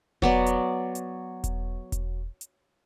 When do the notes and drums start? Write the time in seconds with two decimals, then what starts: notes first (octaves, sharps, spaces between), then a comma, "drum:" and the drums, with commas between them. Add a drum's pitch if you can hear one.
0.22 F#3 B3 D5, drum: kick E1
0.46 drum: hi-hat
0.95 drum: hi-hat
1.44 drum: kick E1, hi-hat
1.92 drum: kick E1, hi-hat
2.41 drum: hi-hat